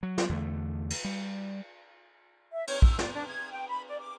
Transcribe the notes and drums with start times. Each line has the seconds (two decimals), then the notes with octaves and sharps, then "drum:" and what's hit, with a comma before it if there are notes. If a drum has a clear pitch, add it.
0.03 F#3
0.18 drum: snare
0.29 E2 D3 A3
0.90 drum: cymbal
1.04 G3
2.53 E5
2.67 C#5, drum: cymbal
2.82 E6, drum: kick
2.99 D5, drum: snare
3.13 D4
3.28 G#6
3.51 G5
3.69 B5
3.88 D5
4.00 D6